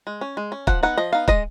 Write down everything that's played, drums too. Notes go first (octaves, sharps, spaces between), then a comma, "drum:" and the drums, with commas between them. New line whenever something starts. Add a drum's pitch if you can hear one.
G#3
C#4
G#3
C#4
F3 F#5, drum: kick
B3 D#4 F#5
F3 D#5
B3 D#4 F5
G#3 D#5, drum: kick